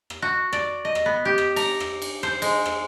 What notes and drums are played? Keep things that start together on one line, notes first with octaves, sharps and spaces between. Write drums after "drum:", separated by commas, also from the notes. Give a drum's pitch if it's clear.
drum: rim click
F#4
D5, drum: rim click
D#5
drum: rim click
B3
G4
drum: rim click
A#5, drum: cymbal
drum: rim click
drum: cymbal
C5, drum: rim click
G#3, drum: cymbal
drum: rim click